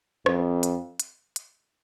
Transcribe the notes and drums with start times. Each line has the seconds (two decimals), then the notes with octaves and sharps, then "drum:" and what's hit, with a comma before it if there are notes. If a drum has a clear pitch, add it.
0.26 F2, drum: rim click
0.63 drum: hi-hat
1.00 drum: hi-hat
1.36 drum: hi-hat